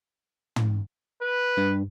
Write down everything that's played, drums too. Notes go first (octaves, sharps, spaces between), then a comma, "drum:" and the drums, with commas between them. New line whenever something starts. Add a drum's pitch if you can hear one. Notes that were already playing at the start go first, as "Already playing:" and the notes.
drum: tom
B4
G2